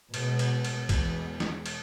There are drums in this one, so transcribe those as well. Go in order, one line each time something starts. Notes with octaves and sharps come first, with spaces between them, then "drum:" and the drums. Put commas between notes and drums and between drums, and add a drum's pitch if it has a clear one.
B2 G#3 B3, drum: cymbal
drum: cymbal
drum: cymbal
E2 B2 G#3, drum: kick A#1, cymbal
drum: snare
drum: cymbal